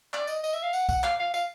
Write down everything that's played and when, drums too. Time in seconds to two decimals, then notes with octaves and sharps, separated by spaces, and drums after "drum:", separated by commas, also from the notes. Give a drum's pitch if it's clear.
0.13 D5, drum: clap
0.27 D#5, drum: tambourine
0.44 D#5, drum: tambourine
0.53 E5
0.63 F5
0.73 F#5, drum: tambourine
0.89 F#5, drum: kick, tambourine
1.03 F5, drum: clap
1.20 F5
1.34 F5, drum: tambourine